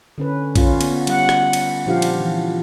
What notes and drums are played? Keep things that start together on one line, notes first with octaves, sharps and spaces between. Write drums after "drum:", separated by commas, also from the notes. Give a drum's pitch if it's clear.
D3 C#4 B4
C#4 F4, drum: kick A#1, cymbal
B3, drum: cymbal
G3 F#5, drum: cymbal
drum: rim click
drum: cymbal
A#2 F3 D4 F4 G4 F5
drum: cymbal
E3